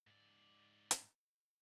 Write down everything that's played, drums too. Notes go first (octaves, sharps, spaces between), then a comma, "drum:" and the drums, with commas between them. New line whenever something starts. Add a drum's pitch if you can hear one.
G#2 D5
drum: hi-hat